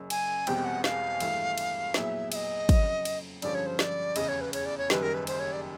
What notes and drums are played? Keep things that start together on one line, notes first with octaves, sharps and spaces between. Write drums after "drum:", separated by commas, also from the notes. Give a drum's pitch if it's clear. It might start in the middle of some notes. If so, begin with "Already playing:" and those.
Already playing: F#1 F#2 C#3
G#5, drum: cymbal
E1 E2 B2 G3 C4 G5, drum: cymbal
F#5
F5, drum: snare
G#1 G2 E3 A3, drum: cymbal
drum: cymbal
A#2 F#3 B3 E4 G#4 E5, drum: snare
E5, drum: cymbal
D#5
F2 C#3 F#3, drum: kick, cymbal
drum: cymbal
G2 D3 F3 G#3 C#4 D5, drum: cymbal
C#5
C5
D5, drum: snare
F1 E2 C#3 D#5, drum: cymbal
C#5
B4
C#5, drum: cymbal
D5
C#5
F#1 F#2 D#3 G3 B4, drum: snare
A#4
B4
C5, drum: cymbal
C#5
D5